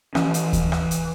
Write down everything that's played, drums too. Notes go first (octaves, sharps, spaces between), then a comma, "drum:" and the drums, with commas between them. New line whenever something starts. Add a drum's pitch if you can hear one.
E3 C#4, drum: rim click
drum: hi-hat
drum: kick D#2, hi-hat
drum: rim click
drum: hi-hat